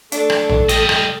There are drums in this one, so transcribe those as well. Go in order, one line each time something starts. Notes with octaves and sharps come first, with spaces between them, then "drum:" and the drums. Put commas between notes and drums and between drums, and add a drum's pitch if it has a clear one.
A3 D4 A4, drum: hi-hat
drum: rim click
drum: tom A#1
G3 D#5 G5, drum: hi-hat
drum: rim click